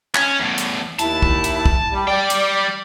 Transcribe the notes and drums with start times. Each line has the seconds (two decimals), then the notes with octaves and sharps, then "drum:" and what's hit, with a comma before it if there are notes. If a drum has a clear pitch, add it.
0.15 C#4, drum: clap
0.40 E2 A2
0.58 drum: hi-hat
0.99 D#2 E4 A5, drum: hi-hat
1.22 drum: kick
1.44 drum: hi-hat
1.66 drum: kick
1.91 G3
2.08 G3 D5 G5
2.30 drum: hi-hat